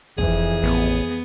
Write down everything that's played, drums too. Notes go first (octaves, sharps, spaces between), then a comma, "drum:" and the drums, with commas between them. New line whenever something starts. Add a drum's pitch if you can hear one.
F2 E3 G#4, drum: kick
A1 B3